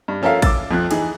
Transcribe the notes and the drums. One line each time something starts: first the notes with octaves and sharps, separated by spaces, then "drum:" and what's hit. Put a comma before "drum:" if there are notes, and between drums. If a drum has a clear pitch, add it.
G2
F3 C#4 A4 A#4 E5 F5
D6 E6 A6, drum: kick, cymbal
F2 F3 F#6
E3 D#4 G#4, drum: cymbal